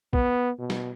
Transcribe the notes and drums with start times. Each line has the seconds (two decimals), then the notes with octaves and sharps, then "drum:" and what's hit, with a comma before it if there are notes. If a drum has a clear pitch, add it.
0.13 B3, drum: kick B1
0.59 B2
0.70 drum: snare